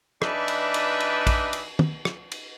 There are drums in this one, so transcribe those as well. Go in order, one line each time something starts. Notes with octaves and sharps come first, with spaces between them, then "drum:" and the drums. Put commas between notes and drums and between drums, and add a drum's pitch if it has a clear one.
E3 D4 D#4 B4 D5 E5, drum: rim click
drum: cymbal
drum: cymbal
drum: cymbal
drum: kick A#1, cymbal
drum: cymbal
drum: tom
drum: rim click
drum: cymbal